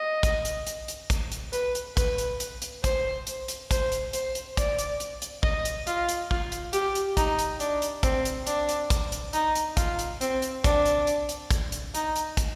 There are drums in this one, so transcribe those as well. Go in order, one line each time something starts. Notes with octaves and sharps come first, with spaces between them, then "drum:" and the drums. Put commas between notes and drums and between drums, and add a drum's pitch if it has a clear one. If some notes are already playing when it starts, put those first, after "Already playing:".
Already playing: D#5
drum: kick, hi-hat
drum: hi-hat
drum: hi-hat
drum: hi-hat
drum: kick, hi-hat
drum: hi-hat
B4, drum: hi-hat
drum: hi-hat
B4, drum: kick, hi-hat
drum: hi-hat
drum: hi-hat
drum: hi-hat
C5, drum: kick, hi-hat
drum: hi-hat
drum: hi-hat
C5, drum: kick, hi-hat
drum: hi-hat
C5, drum: hi-hat
drum: hi-hat
D5, drum: kick, hi-hat
drum: hi-hat
drum: hi-hat
drum: hi-hat
D#5, drum: kick
drum: hi-hat
F4, drum: hi-hat
drum: hi-hat
F4, drum: kick
drum: hi-hat
G4, drum: hi-hat
drum: hi-hat
D#4, drum: kick, hi-hat
drum: hi-hat
D4, drum: hi-hat
drum: hi-hat
C4, drum: kick, hi-hat
drum: hi-hat
D4, drum: hi-hat
drum: hi-hat
drum: kick, hi-hat
drum: hi-hat
D#4, drum: hi-hat
drum: hi-hat
F4, drum: kick, hi-hat
drum: hi-hat
C4, drum: hi-hat
drum: hi-hat
D4, drum: kick, hi-hat
drum: hi-hat
drum: hi-hat
drum: hi-hat
drum: kick, hi-hat
drum: hi-hat
D#4, drum: hi-hat
drum: hi-hat
drum: kick, hi-hat